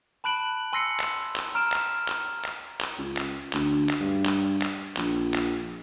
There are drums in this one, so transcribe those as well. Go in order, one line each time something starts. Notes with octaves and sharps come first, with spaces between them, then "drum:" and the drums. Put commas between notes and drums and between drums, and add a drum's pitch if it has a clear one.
A5 B5 F#6 D7 F#7
G#5 C6 E6 A#6 C7 C#7
drum: clap
drum: clap
A#5 F6 D7 E7
drum: clap
drum: clap
drum: clap
drum: clap
C#2
drum: clap
D2, drum: clap
drum: clap
G2
drum: clap
drum: clap
A#1, drum: clap
drum: clap